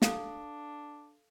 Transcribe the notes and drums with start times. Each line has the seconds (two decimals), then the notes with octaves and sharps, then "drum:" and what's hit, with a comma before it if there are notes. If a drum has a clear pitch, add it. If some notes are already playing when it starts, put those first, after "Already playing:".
0.02 D4 A4 F5, drum: snare